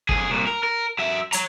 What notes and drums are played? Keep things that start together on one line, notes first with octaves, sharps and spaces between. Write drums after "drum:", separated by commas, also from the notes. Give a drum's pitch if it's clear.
F2 G#4, drum: kick
C2 A#2
A#4
A#4
F#3 E5
C#5 A#5, drum: hi-hat